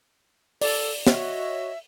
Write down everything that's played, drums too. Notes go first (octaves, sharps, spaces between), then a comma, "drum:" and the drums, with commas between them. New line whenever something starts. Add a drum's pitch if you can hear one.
A4 D5, drum: open hi-hat
F#4 C#5 D#5 E5, drum: snare